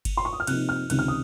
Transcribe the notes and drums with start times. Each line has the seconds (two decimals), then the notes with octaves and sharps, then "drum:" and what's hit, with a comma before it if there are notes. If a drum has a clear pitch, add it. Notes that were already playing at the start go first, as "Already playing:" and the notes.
0.05 drum: kick G1, cymbal
0.17 C6
0.25 C#6
0.33 D#6
0.40 F6
0.47 C3 F3 A#3 D#4 F#6, drum: cymbal
0.69 F6
0.90 C#2 C3 D#3 F#6, drum: cymbal
0.99 F6
1.08 D#6